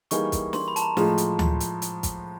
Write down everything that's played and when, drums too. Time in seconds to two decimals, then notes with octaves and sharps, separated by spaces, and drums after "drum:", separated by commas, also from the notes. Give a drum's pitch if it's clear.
0.11 E3 G3 A#3 D#4 G#4 C#6, drum: hi-hat
0.32 drum: kick, hi-hat
0.53 C6, drum: snare
0.68 B5
0.76 A5, drum: hi-hat
0.82 A#5
0.97 A2 F3 G#3, drum: snare
1.18 drum: hi-hat
1.39 drum: tom D2
1.60 drum: hi-hat
1.82 drum: hi-hat
2.03 drum: kick, hi-hat